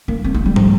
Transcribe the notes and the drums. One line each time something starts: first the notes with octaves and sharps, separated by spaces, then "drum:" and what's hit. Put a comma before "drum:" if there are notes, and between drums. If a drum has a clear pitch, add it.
A#3
C4
A3
G3
F3, drum: tom